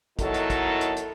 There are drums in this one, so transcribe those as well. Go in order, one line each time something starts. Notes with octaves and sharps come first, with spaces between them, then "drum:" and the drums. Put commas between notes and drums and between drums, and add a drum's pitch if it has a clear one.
B2 D#3 F#3 E4 A4, drum: kick, hi-hat
drum: hi-hat
drum: kick, hi-hat
drum: hi-hat
drum: hi-hat